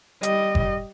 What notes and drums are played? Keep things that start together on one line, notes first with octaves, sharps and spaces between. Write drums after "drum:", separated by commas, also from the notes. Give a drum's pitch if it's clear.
G3 D#5, drum: hi-hat
drum: kick F#1